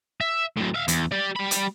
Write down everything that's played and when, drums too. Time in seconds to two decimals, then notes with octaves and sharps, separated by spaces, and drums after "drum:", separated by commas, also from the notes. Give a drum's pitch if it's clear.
0.21 E5
0.57 A2 F#3
0.74 E5 F5
0.88 E2, drum: hi-hat
1.12 G4 D5
1.36 G3 B5
1.51 drum: hi-hat